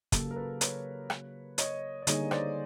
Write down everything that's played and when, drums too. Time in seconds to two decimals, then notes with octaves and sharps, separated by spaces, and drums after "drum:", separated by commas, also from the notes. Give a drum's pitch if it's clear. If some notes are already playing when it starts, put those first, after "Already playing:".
0.12 C#3 F#3 A#3 G4 A4, drum: kick, hi-hat
0.31 A#4
0.36 A4 B4
0.61 B4 C#5, drum: hi-hat
1.10 drum: rim click
1.58 C#5 D#5, drum: hi-hat
2.02 D5
2.07 D3 G3 A#3 D#4 G#4 C#5 D#5, drum: hi-hat
2.31 C5 D5, drum: rim click